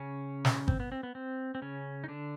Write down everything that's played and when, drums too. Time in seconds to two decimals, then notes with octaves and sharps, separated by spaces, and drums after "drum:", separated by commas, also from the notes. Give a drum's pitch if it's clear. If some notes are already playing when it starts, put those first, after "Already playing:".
Already playing: C#3 C#4
0.45 drum: snare
0.68 C4, drum: kick G#1
0.80 B3
0.92 C4
1.03 B3
1.15 C4
1.55 C4
1.62 C#3 C#4
2.04 D#4
2.08 D3 D4